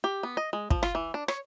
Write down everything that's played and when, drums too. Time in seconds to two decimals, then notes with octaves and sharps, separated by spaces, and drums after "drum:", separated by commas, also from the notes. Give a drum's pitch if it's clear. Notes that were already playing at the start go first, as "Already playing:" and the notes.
0.04 G4
0.23 B3
0.37 D#5
0.53 G#3
0.70 F3, drum: kick
0.83 F4, drum: rim click
0.95 E3
1.14 D4
1.28 C#5, drum: rim click